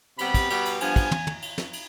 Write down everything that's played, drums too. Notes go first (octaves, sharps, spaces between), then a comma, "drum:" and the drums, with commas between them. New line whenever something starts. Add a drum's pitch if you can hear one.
C3 G3 B3 B5, drum: cymbal
drum: kick, cymbal
B2 G3 B3, drum: cymbal
drum: cymbal
G2 F3 B3 G#5, drum: cymbal
drum: kick, cymbal
drum: tom
drum: tom
drum: cymbal
drum: snare
drum: cymbal